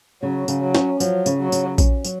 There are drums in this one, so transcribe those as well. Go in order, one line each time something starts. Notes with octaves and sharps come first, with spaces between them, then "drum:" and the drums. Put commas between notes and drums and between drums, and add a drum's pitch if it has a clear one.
C#3 F#3
C#3, drum: tambourine
F#3
C#4, drum: snare
F3 F#3, drum: tambourine
C#3, drum: tambourine
F#3
C#3, drum: tambourine
C#4, drum: kick A#1, tambourine
F#3, drum: tambourine